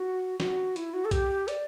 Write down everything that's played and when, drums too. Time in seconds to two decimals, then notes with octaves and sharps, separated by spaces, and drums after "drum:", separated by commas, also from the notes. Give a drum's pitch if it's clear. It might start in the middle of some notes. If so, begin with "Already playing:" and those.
Already playing: F#4
0.40 F#4, drum: snare
0.76 E4, drum: hi-hat
0.94 F#4
1.05 A4
1.11 G4, drum: kick B1, hi-hat
1.48 D5, drum: hi-hat